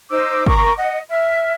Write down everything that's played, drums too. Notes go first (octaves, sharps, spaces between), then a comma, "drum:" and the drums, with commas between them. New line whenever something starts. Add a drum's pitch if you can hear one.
D#4 C5 D6 E6
A#4 A#5 C#6 D6, drum: kick
D#5 F#5
E5 F6